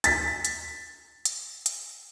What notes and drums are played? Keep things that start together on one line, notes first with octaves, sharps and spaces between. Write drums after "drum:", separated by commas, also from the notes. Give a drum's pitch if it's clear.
A6 B6, drum: hi-hat
drum: hi-hat
drum: hi-hat
drum: hi-hat